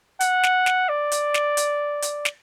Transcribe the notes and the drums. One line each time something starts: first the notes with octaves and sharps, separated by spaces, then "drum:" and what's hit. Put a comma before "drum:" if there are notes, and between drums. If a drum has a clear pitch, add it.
F#5, drum: hi-hat
drum: snare
drum: snare
D5
drum: hi-hat
drum: snare
drum: hi-hat
drum: hi-hat
drum: snare